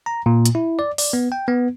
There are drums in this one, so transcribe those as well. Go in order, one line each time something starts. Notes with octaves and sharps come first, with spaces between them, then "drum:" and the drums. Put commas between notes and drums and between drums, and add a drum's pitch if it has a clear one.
A#5
A#2
drum: hi-hat
E4
D5
D5, drum: open hi-hat
B3
G5
B3